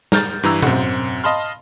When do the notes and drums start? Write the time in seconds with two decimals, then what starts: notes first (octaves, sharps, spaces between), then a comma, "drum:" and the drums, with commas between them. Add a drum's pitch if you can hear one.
0.12 A#5 F6 G6 A6, drum: snare
0.43 G2 E3 A#5 E6
0.62 F#2 C4 F#5, drum: tom B2
1.24 D#5 F5 A5 B5 C6 F6